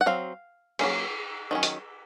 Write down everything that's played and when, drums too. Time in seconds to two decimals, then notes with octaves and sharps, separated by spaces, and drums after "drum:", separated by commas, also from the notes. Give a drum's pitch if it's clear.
0.01 F#5
0.06 F#3 C4 F5
0.79 F#3 A#3 C#4, drum: cymbal
1.51 D#3 F#3 C#4
1.63 drum: hi-hat